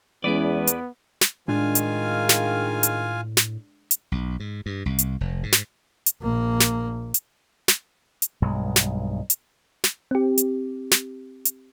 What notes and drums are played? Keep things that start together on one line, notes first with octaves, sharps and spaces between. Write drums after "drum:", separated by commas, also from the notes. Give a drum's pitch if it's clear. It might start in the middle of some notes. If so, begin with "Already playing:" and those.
E2 E3 G#3 B3 C#4 E4 B4 D5
drum: hi-hat
drum: snare
A2 D#3 G#3 D4 F4 G#4 F5 G#5
drum: hi-hat
drum: snare
drum: hi-hat
drum: snare
drum: hi-hat
B1
G#2
G2
C2
drum: hi-hat
F1
G#2
drum: snare
drum: hi-hat
A#1 A#3
drum: snare
drum: hi-hat
drum: snare
drum: hi-hat
B1 G2 B2 G#3
drum: snare
drum: hi-hat
drum: snare
C4 G4
drum: hi-hat
drum: snare
drum: hi-hat